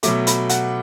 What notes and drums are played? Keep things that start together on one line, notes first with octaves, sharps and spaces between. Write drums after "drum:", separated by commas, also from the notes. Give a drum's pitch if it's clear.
B2 F#3 A3 D6, drum: hi-hat
B5, drum: hi-hat
F#5, drum: hi-hat